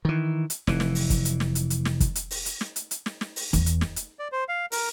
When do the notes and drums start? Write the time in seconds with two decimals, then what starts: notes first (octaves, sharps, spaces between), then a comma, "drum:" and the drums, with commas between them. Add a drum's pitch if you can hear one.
0.05 D#3 E3
0.50 drum: hi-hat
0.67 F1 E3, drum: snare
0.80 drum: snare
0.95 drum: open hi-hat
1.10 drum: kick, hi-hat
1.25 drum: hi-hat
1.40 drum: snare
1.55 drum: hi-hat
1.70 drum: hi-hat
1.85 drum: snare
2.00 drum: kick, hi-hat
2.15 drum: hi-hat
2.31 drum: open hi-hat
2.46 drum: hi-hat
2.61 drum: snare
2.76 drum: hi-hat
2.91 drum: hi-hat
3.06 drum: snare
3.21 drum: snare
3.36 drum: open hi-hat
3.53 E2, drum: kick, hi-hat
3.66 drum: hi-hat
3.81 drum: snare
3.96 drum: hi-hat
4.19 D5
4.32 C5
4.48 F5
4.72 A#4, drum: open hi-hat